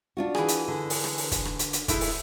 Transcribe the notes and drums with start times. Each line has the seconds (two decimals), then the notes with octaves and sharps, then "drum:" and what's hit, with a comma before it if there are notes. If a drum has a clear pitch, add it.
0.17 D4 F4 F#4
0.35 E3 G#4, drum: rim click
0.48 drum: hi-hat
0.68 D3
0.90 drum: open hi-hat
1.04 drum: rim click
1.18 drum: open hi-hat
1.31 drum: kick, hi-hat
1.45 drum: rim click
1.59 drum: hi-hat
1.73 drum: hi-hat
1.88 G#3 A3 E4, drum: kick, hi-hat
2.01 drum: open hi-hat